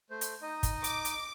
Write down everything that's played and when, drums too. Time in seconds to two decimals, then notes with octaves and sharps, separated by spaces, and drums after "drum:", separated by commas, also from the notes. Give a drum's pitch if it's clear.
0.10 A3 C5
0.21 drum: hi-hat
0.42 D#4 D#5
0.63 drum: kick, hi-hat
0.84 D6, drum: hi-hat
1.05 drum: hi-hat